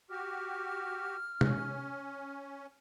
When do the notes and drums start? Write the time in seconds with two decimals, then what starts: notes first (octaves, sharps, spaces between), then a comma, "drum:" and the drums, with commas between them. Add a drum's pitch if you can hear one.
0.10 F#4 G4 F6
1.41 C#4, drum: tom C3